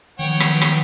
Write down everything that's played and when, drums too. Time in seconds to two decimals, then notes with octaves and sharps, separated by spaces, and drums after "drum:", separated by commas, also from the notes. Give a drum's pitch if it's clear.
0.19 D#3 F3 F#3 B3 C#5 F#5 G5
0.40 drum: rim click
0.61 drum: rim click